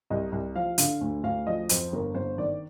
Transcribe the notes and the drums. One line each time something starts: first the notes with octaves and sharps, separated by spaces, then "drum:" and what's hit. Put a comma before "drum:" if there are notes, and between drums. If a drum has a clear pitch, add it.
C2 D#5
C2
F3 F5
D3 F5, drum: hi-hat
D2
D2 F5
F3 D#5
F2 C5, drum: hi-hat
G1 A#4
G1 C5
D#3 D5